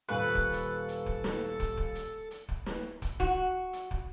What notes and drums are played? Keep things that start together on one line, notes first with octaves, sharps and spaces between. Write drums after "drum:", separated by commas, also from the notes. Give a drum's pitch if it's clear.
D#1 A4 B4 F5 C#6
drum: kick
drum: hi-hat
drum: hi-hat
drum: kick
drum: snare
drum: kick, hi-hat
drum: kick
drum: hi-hat
drum: hi-hat
drum: kick
drum: snare
drum: kick, hi-hat
F#4, drum: kick
drum: hi-hat
drum: kick